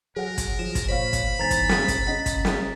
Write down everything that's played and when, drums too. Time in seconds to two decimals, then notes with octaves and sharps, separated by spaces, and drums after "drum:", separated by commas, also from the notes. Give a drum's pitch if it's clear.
0.16 F#3 G#4 A#4 F#5
0.38 drum: kick, hi-hat
0.59 F3 F#3 E7
0.75 drum: kick, hi-hat
0.89 A#2 F3 C5 C#5 F5 B5
1.13 drum: kick, hi-hat
1.39 E1 E2 G#2 C5 G#5 A#5 A6 B6
1.51 drum: kick, hi-hat
1.69 drum: snare
1.88 drum: kick, hi-hat
2.07 C#3 C#4 D#5 F#5 B6
2.26 drum: kick, hi-hat
2.45 drum: snare